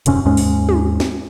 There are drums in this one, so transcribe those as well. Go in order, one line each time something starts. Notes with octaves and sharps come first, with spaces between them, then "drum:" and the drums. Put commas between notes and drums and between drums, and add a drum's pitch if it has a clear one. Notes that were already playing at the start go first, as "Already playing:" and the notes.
D#1 F#2 C3 C#4, drum: hi-hat
D#2 G#2 G#3 C#4
drum: open hi-hat
drum: tom
drum: snare